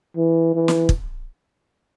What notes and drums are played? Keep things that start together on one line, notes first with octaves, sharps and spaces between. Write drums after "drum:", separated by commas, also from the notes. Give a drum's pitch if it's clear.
E3
E3
drum: snare
drum: kick